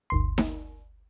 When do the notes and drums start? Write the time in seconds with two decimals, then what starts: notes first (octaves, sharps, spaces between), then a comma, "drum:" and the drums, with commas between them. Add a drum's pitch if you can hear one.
0.10 G1 D2 C6
0.38 drum: snare D#4